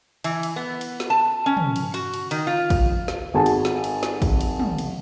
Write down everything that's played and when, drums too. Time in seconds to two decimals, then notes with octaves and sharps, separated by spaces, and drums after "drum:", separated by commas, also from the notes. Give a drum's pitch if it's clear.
0.24 E3, drum: cymbal
0.43 drum: cymbal
0.56 B3
0.81 drum: cymbal
1.00 drum: snare
1.10 A5
1.46 C#4
1.57 drum: tom
1.76 drum: cymbal
1.94 F#4, drum: cymbal
2.14 drum: cymbal
2.31 D#3, drum: cymbal
2.47 F4
2.70 drum: kick, cymbal
3.08 drum: snare
3.34 G#1 F#4 G#4 G#5 A5
3.46 drum: cymbal
3.65 drum: snare
3.84 drum: cymbal
4.03 drum: snare
4.22 drum: kick, cymbal
4.41 drum: cymbal
4.60 drum: tom
4.78 drum: cymbal